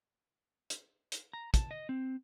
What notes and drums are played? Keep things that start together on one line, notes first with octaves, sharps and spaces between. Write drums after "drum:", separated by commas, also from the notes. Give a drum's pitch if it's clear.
drum: hi-hat
drum: hi-hat
A#5
A5, drum: kick, hi-hat
D#5
C4